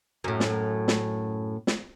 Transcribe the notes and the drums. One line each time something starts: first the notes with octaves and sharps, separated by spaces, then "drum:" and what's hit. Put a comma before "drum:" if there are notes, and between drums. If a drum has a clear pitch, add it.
F#2 A2
drum: snare
drum: snare
drum: snare